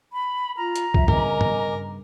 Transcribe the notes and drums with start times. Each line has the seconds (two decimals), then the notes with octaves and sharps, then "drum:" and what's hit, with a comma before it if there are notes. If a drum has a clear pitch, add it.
0.13 B5
0.57 F4 A#5 F6
0.76 drum: hi-hat
0.94 F3 F#3 E5, drum: kick
1.08 G2 C#3 B3 A#4 D#5 G#5 D6, drum: tom G2
1.41 drum: tom G2